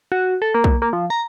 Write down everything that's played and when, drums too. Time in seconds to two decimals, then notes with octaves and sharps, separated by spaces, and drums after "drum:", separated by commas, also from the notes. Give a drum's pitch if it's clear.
0.12 F#4
0.42 A4
0.54 A#3
0.64 drum: kick B1
0.82 A#3
0.93 F3
1.10 A#5